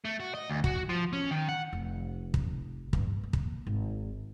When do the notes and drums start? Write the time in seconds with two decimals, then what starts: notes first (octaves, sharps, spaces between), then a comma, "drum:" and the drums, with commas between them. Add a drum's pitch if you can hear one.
0.05 A3
0.20 F#4
0.35 D#5
0.50 D2
0.64 F#4, drum: kick
0.89 F3
1.13 C#4
1.31 D#3
1.49 F#5
1.73 F1
2.34 drum: kick
2.93 G2, drum: kick
3.23 A#3
3.33 drum: kick
3.67 G#1